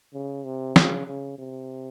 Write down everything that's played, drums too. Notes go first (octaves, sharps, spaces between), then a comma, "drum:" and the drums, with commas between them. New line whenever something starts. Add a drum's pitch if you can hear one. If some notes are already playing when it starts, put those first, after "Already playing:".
C#3
C3
C#3, drum: snare
C#3
C3